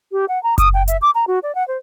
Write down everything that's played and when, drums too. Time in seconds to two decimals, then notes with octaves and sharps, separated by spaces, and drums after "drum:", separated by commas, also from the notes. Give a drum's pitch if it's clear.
0.12 G4
0.28 F#5
0.43 A#5
0.58 D#6, drum: kick F#1, hi-hat
0.74 G5
0.88 E5, drum: hi-hat
1.02 D6
1.15 A#5
1.27 F#4
1.43 D5
1.55 F#5
1.68 C5